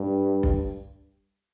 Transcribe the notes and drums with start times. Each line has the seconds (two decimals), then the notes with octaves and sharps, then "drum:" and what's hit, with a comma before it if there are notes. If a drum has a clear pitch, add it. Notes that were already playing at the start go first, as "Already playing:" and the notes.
Already playing: G2
0.43 drum: kick B1